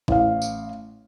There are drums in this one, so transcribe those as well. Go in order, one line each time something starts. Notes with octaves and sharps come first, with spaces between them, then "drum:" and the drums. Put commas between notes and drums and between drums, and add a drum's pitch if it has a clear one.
A1 F5, drum: kick
drum: tambourine